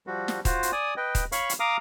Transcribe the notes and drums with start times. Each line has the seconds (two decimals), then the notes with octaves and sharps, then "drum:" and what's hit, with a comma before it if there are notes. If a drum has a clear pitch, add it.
0.07 F3 G3 F#4
0.28 drum: snare
0.45 F4 F#4 C5, drum: kick D#1, hi-hat
0.63 drum: hi-hat
0.72 D5 G#5 D#6
0.97 B4 D#5 G5
1.15 drum: kick D#1, hi-hat
1.32 C#5 F5 B5 C#6, drum: hi-hat
1.49 drum: hi-hat
1.60 F5 A#5 D6 D#6